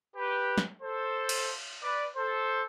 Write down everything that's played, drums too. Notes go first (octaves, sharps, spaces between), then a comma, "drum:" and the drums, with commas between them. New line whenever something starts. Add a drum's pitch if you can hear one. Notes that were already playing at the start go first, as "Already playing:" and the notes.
G4 B4
drum: snare
A4 C5
drum: cymbal
B4 D5
A4 C5